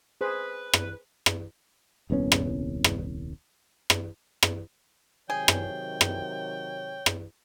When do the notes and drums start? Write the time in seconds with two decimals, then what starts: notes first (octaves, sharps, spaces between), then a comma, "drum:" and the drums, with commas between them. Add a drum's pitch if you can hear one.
0.21 G#4 B4 C5
0.73 drum: rim click
1.26 drum: rim click
2.10 D#1 C2 B3 C#4
2.32 drum: rim click
2.84 drum: rim click
3.90 drum: rim click
4.43 drum: rim click
5.30 C3 D#3 F#3 G#4 C#5 G5
5.48 drum: rim click
6.01 drum: rim click
7.06 drum: rim click